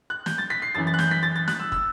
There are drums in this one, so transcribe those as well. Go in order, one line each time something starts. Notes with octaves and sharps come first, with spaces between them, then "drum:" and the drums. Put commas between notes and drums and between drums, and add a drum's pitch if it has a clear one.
F#6
G6, drum: snare
A6
B6
C7
F#2 E3 A6
A6
F#6
G6, drum: snare
B6
A6
A6
F#6, drum: snare
E6
E6, drum: kick